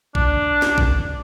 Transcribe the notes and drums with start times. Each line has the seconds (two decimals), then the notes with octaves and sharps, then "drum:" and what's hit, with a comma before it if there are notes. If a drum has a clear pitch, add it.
0.15 D4, drum: kick A1
0.62 drum: snare
0.78 drum: kick A1